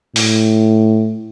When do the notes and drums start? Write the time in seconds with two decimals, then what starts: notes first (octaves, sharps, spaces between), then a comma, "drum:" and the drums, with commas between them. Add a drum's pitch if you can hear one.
0.16 A2, drum: open hi-hat